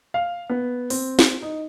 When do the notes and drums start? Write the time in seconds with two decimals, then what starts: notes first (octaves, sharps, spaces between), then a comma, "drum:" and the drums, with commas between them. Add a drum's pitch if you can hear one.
0.14 F5
0.50 B3
0.90 C4, drum: open hi-hat
1.19 drum: snare
1.42 D#4